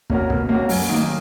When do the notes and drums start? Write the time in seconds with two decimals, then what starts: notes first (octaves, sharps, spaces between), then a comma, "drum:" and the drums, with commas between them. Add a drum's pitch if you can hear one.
0.10 A#3 C#4 F#4 A#4, drum: kick
0.30 B2, drum: kick
0.49 A#3 C#4 F#4 A#4
0.69 F#2, drum: open hi-hat
0.89 D#3 A#3